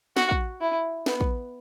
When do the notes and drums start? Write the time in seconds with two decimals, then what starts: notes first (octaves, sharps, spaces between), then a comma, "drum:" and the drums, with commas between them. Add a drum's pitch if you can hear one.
0.17 F#4, drum: snare
0.31 drum: kick
0.61 E4
1.06 B3, drum: snare
1.21 drum: kick